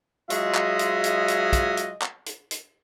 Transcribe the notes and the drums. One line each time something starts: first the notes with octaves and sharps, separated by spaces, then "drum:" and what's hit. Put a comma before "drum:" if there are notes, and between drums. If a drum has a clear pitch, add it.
F#3 G#3 F4 G#4 D#5 E5, drum: hi-hat
drum: clap
drum: hi-hat
drum: hi-hat
drum: hi-hat
drum: kick, hi-hat
drum: hi-hat
drum: clap
drum: hi-hat
drum: hi-hat